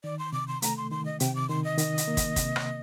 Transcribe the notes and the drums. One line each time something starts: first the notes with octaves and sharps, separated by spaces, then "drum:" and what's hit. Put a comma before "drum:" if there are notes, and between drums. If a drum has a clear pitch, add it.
D#3 D5
C6
C3 D6
C6
A3 A#5, drum: hi-hat
C6
D#3 C6
D#5
C3 G5, drum: hi-hat
D6
D#3 C6
D#5
D#3, drum: hi-hat
drum: hi-hat
A#3
drum: kick, hi-hat
C3, drum: kick, hi-hat
drum: rim click